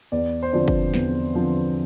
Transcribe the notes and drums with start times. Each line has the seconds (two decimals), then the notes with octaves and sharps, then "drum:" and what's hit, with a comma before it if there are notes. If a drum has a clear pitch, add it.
0.12 E2 D5
0.42 C5
0.53 D3 F3 C4 D5
0.68 drum: kick
0.94 E2, drum: snare
1.35 D3 F3 C4